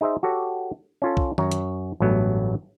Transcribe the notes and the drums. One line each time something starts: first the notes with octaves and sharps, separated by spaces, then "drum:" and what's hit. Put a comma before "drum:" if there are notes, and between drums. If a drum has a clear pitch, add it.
D#4 G#4 C5 E5
F#4 G4 A4 C#5
C#4 F4 A4
drum: kick B1
F#2 C#5 A#5, drum: tom D#3
drum: hi-hat
A1 G2 F#3 A3 B3